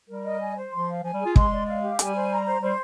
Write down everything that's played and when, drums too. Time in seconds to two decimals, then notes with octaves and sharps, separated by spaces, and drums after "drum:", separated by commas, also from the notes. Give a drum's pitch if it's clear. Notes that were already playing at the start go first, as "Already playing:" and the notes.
0.09 G3 A#4
0.25 D#5
0.41 G#5
0.56 C5
0.73 F3 C6
0.89 F5
1.03 F3 G#5
1.14 G3
1.19 G#4
1.26 F4
1.36 G#3 C6, drum: kick
1.52 D5
1.67 F5
1.83 G4
1.99 G3 G#5, drum: hi-hat
2.15 C5
2.30 A#5
2.46 C5
2.62 G3 C5